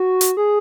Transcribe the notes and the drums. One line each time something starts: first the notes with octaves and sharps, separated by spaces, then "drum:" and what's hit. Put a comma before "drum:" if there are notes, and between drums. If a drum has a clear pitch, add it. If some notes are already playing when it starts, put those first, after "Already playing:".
Already playing: F#4
drum: hi-hat
G#4